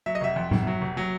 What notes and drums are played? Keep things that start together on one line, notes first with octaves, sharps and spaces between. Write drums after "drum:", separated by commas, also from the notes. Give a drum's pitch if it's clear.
F#3 E5
D#5
F1 E5
F2
F1, drum: tom A2
F#3
F1
F#3